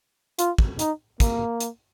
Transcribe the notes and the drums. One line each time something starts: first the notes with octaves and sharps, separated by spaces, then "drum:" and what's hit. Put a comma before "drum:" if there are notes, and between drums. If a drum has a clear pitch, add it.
F4, drum: hi-hat
drum: kick
D#4, drum: hi-hat
A#3, drum: kick, hi-hat
drum: hi-hat